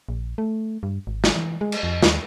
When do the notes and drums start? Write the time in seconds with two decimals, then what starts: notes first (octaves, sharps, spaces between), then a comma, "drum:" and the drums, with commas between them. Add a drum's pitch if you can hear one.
0.09 A#1
0.38 A3
0.83 G2
1.07 G#1
1.24 drum: snare
1.36 E3
1.61 G#3
1.72 drum: cymbal
1.83 F2
2.03 D#2, drum: snare